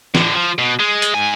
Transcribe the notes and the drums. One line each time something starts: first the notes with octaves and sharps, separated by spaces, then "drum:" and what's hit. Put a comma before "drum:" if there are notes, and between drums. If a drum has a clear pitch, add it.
A2 D3, drum: snare
F3
B2
G#3
drum: hi-hat
G#2 G#5